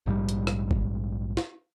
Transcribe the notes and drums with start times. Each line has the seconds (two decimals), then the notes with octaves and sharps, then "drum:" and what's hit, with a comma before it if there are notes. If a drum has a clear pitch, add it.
0.06 A#1 G#2 C#3 G3
0.29 drum: hi-hat
0.47 drum: rim click
0.71 drum: kick
1.37 drum: snare